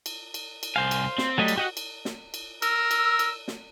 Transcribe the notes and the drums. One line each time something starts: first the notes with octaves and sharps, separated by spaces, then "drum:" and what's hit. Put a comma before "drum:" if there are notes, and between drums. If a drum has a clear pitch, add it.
drum: cymbal
drum: cymbal
drum: cymbal
C2 C5 F5 G#5
drum: cymbal
C4, drum: snare
F#3 G3 A3 D#5
drum: cymbal
F#4 G4 D#5 F#5
drum: cymbal
drum: snare
drum: cymbal
A#4 E6, drum: cymbal
drum: cymbal
drum: cymbal
drum: snare